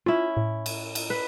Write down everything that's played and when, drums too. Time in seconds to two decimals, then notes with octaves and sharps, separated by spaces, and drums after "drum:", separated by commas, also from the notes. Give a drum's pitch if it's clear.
0.06 C#4 E4 F4
0.37 A2
0.66 drum: cymbal
0.95 drum: cymbal
1.10 B4